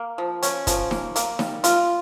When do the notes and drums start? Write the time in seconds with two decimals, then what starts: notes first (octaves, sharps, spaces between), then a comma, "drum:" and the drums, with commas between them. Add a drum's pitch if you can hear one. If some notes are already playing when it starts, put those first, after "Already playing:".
Already playing: A#3
0.18 F3
0.42 C#4, drum: hi-hat
0.67 F3, drum: kick, hi-hat
0.91 A#3, drum: snare D#4
1.16 A#3, drum: hi-hat
1.39 G3, drum: snare D#4
1.64 F4, drum: hi-hat